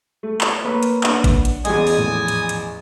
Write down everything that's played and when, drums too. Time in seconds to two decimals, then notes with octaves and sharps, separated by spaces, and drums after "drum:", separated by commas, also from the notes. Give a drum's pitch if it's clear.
0.23 A3
0.41 drum: clap
0.65 A#3 A#4 B4 C#5
0.83 drum: hi-hat
1.03 D4 F#5, drum: clap
1.24 drum: kick, hi-hat
1.45 drum: hi-hat
1.65 A1 E2 G#4 D#5 G#5 D#6, drum: hi-hat
1.87 drum: open hi-hat
1.99 A2 F3
2.28 drum: hi-hat
2.49 drum: hi-hat